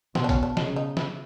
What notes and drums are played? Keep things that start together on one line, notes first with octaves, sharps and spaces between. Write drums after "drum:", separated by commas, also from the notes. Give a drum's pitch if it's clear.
B2 C4, drum: snare
D4
C#4, drum: kick, hi-hat
D4
C#3 D#4, drum: snare
D#4
E4, drum: snare